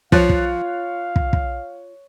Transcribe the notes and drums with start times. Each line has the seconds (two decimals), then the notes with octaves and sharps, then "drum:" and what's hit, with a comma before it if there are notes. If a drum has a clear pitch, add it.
0.12 F3 F4 C#5 F5 F#6 A6, drum: kick
0.29 drum: kick
1.16 drum: kick
1.33 drum: kick